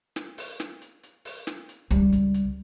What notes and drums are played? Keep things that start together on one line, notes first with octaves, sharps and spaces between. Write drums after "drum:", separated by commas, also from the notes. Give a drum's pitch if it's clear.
drum: snare
drum: open hi-hat
drum: snare
drum: hi-hat
drum: hi-hat
drum: open hi-hat
drum: snare
drum: hi-hat
C#2 G3, drum: hi-hat
drum: kick, hi-hat
drum: hi-hat